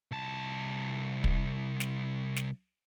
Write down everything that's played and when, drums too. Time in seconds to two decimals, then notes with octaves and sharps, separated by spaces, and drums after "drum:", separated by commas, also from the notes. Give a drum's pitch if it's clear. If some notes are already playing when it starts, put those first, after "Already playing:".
0.11 C2 A5
1.24 drum: kick
1.80 drum: snare
2.36 drum: snare